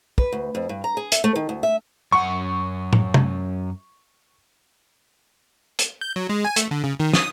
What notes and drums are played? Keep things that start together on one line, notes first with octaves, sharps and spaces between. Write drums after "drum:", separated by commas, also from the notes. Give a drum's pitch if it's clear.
B4, drum: kick
D2
F2
G2
A#5
G#4
E5, drum: hi-hat
A3
D#3
D2
E5
F#2 F#5 C#6
drum: tom
drum: tom
drum: hi-hat
G6
F#3
G#3
G#5
A3, drum: hi-hat
D3
C#3
D#3
D#6, drum: snare